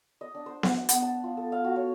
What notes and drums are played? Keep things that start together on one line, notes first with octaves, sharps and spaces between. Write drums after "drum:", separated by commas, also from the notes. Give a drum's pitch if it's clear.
D#5
D4
C5
F#5, drum: snare B3
E5
B3, drum: hi-hat
A5
F4
A4
F5
F#4
C#5